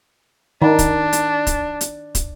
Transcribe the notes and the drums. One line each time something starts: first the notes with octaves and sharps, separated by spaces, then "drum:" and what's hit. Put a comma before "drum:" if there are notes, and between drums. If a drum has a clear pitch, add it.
D#3 D4
drum: kick, hi-hat
drum: hi-hat
drum: kick, hi-hat
drum: hi-hat
drum: kick, hi-hat